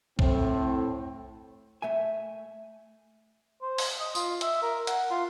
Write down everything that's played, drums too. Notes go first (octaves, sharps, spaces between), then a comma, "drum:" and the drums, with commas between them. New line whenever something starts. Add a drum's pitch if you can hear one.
A2 C4, drum: kick B1
A3 E5 G#5
C5
drum: open hi-hat
D#5
F4, drum: tambourine
E5, drum: hi-hat
A#4
F#5, drum: hi-hat
F4